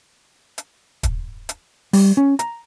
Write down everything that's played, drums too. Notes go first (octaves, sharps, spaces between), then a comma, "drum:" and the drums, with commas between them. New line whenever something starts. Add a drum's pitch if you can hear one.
drum: hi-hat
drum: kick, hi-hat
drum: hi-hat
G3, drum: open hi-hat
C#4
A#5, drum: hi-hat